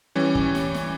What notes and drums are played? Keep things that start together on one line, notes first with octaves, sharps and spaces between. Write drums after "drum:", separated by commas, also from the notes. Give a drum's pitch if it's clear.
E3 G3 C#4
drum: kick
drum: snare
drum: snare